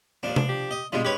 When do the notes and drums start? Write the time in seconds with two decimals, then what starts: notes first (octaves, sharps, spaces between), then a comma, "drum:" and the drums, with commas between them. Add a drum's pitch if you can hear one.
0.23 D#2 F3 D4
0.36 D4, drum: tom C3
0.49 G4
0.71 D#5
0.93 G2 B2 G3 G#3 F4
1.05 G4 B4 C#5